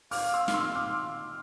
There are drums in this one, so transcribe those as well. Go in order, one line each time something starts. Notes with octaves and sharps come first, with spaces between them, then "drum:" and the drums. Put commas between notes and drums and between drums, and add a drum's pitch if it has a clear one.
F5 D6 F6, drum: open hi-hat
C6 E6
F6, drum: snare
C6 E6
D6 F6